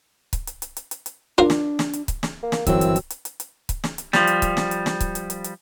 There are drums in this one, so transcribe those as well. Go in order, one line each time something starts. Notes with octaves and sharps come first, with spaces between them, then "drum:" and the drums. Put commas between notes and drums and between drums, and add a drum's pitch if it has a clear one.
drum: kick C#1, hi-hat
drum: hi-hat
drum: hi-hat
drum: hi-hat
drum: hi-hat
drum: hi-hat
D4 F4 A#4 F5
drum: snare
drum: snare
drum: hi-hat
drum: kick C#1, hi-hat
drum: snare
A#3
drum: snare
G1 F#2 E3 F#3 C4 E6, drum: kick C#1, hi-hat
drum: hi-hat
drum: hi-hat
drum: hi-hat
drum: hi-hat
drum: hi-hat
drum: kick C#1, hi-hat
drum: snare
drum: hi-hat
F3 G3, drum: snare
drum: hi-hat
drum: kick C#1, hi-hat
drum: snare
drum: hi-hat
drum: snare
drum: kick C#1, hi-hat
drum: hi-hat
drum: hi-hat
drum: hi-hat